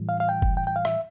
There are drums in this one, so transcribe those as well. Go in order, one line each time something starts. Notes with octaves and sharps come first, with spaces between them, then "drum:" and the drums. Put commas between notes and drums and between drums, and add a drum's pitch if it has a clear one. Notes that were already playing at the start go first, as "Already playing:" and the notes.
Already playing: A2 E3 G3
F5
F5
G5
drum: kick
G5
G5
F5
E5, drum: rim click